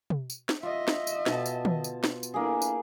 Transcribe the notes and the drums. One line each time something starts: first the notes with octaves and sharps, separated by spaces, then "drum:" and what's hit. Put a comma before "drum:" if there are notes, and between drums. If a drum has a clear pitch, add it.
drum: tom
drum: tambourine
drum: snare
F4 D#5 E5
drum: snare
drum: tambourine
B2 A5, drum: snare
drum: tambourine
drum: tom
drum: tambourine
drum: snare
drum: tambourine
A#3 D4 E4 G#4
drum: tambourine